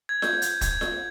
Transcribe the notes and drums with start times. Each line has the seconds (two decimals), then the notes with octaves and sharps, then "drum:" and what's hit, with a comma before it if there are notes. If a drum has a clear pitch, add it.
0.09 G#6
0.22 G6, drum: snare F4
0.42 drum: hi-hat
0.61 G#6, drum: kick, hi-hat
0.81 drum: snare F4